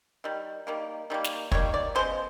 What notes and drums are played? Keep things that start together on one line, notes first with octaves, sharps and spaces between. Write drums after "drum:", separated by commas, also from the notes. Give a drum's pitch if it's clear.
D#3 G3
D#3 G3 A#3
D#3 G3 A#3
drum: snare
D#3 G3 A#3 C#5, drum: kick
D5
C#3 F3 G#3 B3 C5